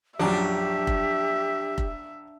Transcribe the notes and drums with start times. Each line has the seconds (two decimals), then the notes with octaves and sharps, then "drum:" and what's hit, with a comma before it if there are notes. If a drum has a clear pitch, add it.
0.19 A#1 F#2 D4 G4 E5
0.87 drum: kick F1
1.78 drum: kick F1